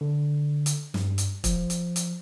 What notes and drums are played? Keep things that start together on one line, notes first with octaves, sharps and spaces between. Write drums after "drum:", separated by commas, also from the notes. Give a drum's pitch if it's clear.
D3
drum: hi-hat
G2, drum: snare
drum: hi-hat
F3, drum: kick, hi-hat
drum: hi-hat
drum: hi-hat